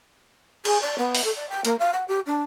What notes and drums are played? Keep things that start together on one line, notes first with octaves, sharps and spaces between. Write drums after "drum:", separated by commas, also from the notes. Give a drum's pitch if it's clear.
G#4, drum: cymbal
D5
B3
drum: open hi-hat
A4
D5
G5
A#3, drum: hi-hat
F5
F#5
G4
D4